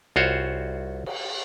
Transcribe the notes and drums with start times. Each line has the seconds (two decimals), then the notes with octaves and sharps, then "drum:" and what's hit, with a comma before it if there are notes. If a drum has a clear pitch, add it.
0.16 C2 F4 F#4 C5 C#5
1.06 drum: cymbal